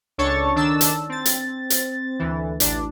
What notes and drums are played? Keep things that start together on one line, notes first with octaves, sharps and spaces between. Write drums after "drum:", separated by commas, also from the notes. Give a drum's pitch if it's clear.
C#2 D4 A4 C#5 C#6 A6
D#3 D4 A5 E6
drum: hi-hat
C4 A6
drum: hi-hat
drum: hi-hat
D2 E3
A1 D4, drum: hi-hat